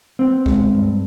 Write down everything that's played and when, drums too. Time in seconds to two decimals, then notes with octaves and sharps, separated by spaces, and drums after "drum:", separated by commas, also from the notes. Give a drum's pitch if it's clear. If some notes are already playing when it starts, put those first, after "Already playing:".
0.19 B3 C4
0.46 G#3, drum: kick C#2
0.73 G2